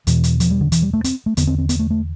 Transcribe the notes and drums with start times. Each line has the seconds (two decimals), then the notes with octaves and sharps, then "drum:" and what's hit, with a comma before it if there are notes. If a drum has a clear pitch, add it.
0.07 E2 B2 E3, drum: hi-hat
0.24 drum: hi-hat
0.40 F3, drum: hi-hat
0.51 G3
0.61 D3
0.72 E3, drum: hi-hat
0.82 G3
0.93 A3
1.04 C4, drum: hi-hat
1.26 A3
1.37 E2 D3 B3, drum: hi-hat
1.47 C4
1.58 C4
1.69 B3, drum: hi-hat
1.79 A3
1.90 A3